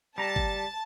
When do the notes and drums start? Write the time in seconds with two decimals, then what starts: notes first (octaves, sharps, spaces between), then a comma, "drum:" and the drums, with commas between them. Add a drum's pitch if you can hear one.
0.18 G3 A5 A#5
0.36 drum: kick